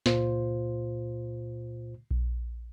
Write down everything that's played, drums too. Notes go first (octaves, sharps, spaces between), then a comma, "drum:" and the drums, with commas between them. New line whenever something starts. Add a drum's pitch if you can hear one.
C#2 A#2 F4 C5, drum: snare
drum: kick A#1